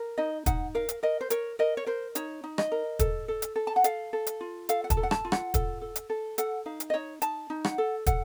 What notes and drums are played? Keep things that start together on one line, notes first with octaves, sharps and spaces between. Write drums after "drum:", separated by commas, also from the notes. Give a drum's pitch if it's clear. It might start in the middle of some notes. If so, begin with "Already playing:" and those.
Already playing: A#4
D#4 D#5
D#4 F#5, drum: kick, hi-hat
A#4 F5
drum: hi-hat
A#4 D#5
C5
A#4 C#5, drum: hi-hat
A#4 D#5
C#5
A#4 C5
D#4 C#5, drum: hi-hat
D#4
D#5, drum: rim click
A#4
A4, drum: kick, hi-hat
A4
drum: hi-hat
A4
A5
F#5
A4 F5, drum: hi-hat
A4
drum: hi-hat
F4
A4 F5, drum: hi-hat
F#5
A5, drum: kick, hi-hat
A4
F#5
A5, drum: rim click
F4
F#5, drum: rim click
A4, drum: kick, hi-hat
A4
drum: hi-hat
A4
A4 F#5, drum: hi-hat
D#4 F5
drum: hi-hat
D#5
D#4 C#5
D#4 A5, drum: hi-hat
D#4
F#5, drum: rim click
A4
A4 F#5, drum: kick, hi-hat